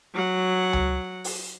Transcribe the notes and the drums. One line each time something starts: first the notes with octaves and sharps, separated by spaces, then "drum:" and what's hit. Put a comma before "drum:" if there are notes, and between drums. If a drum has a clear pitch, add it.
F#3 F#5
drum: tom C#2
drum: open hi-hat